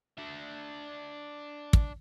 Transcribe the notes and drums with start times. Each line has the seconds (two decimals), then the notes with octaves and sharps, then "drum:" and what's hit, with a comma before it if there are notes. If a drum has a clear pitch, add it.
0.18 D4 E5
1.73 drum: kick